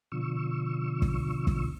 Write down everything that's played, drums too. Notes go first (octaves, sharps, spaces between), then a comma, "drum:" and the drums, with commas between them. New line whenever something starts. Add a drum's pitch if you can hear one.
B2 D3 F3 C#6 E6
drum: kick
drum: kick